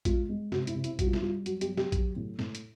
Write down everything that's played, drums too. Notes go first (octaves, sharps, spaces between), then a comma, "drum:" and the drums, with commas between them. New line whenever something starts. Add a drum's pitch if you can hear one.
G#3 F4, drum: kick, hi-hat
G#3
C3 F#4, drum: snare
E4, drum: hi-hat
C3
E4, drum: hi-hat
G3 F#4, drum: kick, hi-hat
F4
E4, drum: snare
G3 F4
F#3 F#4, drum: hi-hat
G4, drum: hi-hat
F#3
G4, drum: snare
F#3, drum: kick, hi-hat
A2
A2, drum: snare
drum: hi-hat